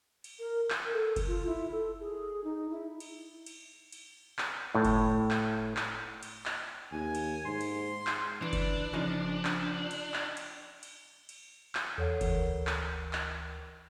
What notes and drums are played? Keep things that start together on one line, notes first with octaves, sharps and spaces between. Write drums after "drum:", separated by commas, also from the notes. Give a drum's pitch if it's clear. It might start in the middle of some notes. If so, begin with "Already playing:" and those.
drum: cymbal
A#4
A#4, drum: clap
A4
drum: kick F#1, cymbal
F4
E4
A4
G#4
D#4
E4
drum: cymbal
drum: cymbal
drum: cymbal
drum: clap
A2
drum: kick F#1, cymbal
drum: clap
drum: clap
drum: cymbal
drum: clap
D#2 G#5
drum: cymbal
G#2 C6
drum: cymbal
drum: clap
E3 D4
drum: kick F#1, cymbal
C#3 F3 D#4
drum: clap
drum: cymbal
drum: clap
drum: cymbal
drum: cymbal
drum: cymbal
drum: clap
E2 A4 C#5 F#5
D2 E3 A#4, drum: kick F#1, cymbal
drum: clap
drum: clap